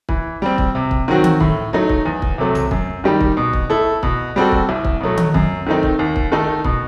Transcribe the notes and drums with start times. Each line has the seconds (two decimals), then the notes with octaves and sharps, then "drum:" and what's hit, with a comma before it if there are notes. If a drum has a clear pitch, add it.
0.09 E3, drum: kick
0.42 G3 C4
0.58 drum: kick
0.75 C3
0.91 drum: kick
1.08 D#3 F#3 C4 F#4
1.24 drum: tom D#3
1.40 A2, drum: kick
1.73 F#3 A3 D#4
1.89 drum: kick
2.05 E2
2.22 drum: kick
2.38 C3 F#3 A3
2.55 drum: tom B1
2.71 F#2, drum: kick
3.04 D#3 G3 D#4 G4
3.21 drum: kick
3.37 B2
3.53 drum: kick
3.70 A3 E4 A4
4.03 B2, drum: kick
4.36 G3 C4 F#4 A4
4.52 drum: kick
4.69 C2
4.85 drum: kick
5.00 B2 F#3 A3
5.17 drum: tom D#3
5.34 F#2, drum: kick
5.67 D#3 A3 C4 D#4
5.83 drum: kick
5.99 D#2
6.16 drum: kick
6.32 D#3 A3 D#4 A4
6.64 B2, drum: kick